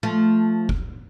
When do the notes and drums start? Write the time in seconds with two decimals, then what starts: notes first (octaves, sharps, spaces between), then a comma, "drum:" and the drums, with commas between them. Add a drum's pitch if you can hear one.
0.03 F3 A3
0.69 drum: kick F1